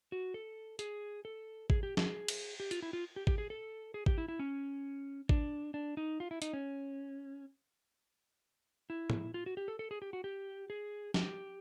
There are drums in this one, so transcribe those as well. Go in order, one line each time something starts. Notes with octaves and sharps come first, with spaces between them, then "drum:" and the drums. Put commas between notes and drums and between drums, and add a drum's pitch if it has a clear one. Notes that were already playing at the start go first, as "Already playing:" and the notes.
F#4
A4
G#4, drum: hi-hat
A4
G#4, drum: kick G#1
G4
G#4, drum: snare
drum: cymbal
G4
F4, drum: hi-hat
E4
F4
G4
G4, drum: kick G#1
G#4
A4
G#4
G4, drum: kick G#1
E4
E4
C#4
D4, drum: kick G#1
D4
D#4
F4
E4
D#4, drum: hi-hat
C#4
E4
drum: tom A2
F4
F#4
G4
A4
A4
G#4
G4
F#4
G4
G#4
G4, drum: snare